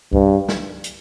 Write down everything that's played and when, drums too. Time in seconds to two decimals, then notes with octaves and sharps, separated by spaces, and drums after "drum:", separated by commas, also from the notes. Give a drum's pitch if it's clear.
0.13 G2, drum: kick C2
0.49 drum: snare
0.84 drum: hi-hat